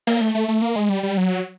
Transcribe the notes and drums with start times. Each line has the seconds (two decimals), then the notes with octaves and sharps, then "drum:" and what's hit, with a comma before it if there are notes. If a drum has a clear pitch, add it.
0.07 A#3, drum: open hi-hat
0.21 A3
0.35 A3
0.48 A3
0.62 A#3
0.76 G#3
0.89 G3
1.03 G3
1.17 F#3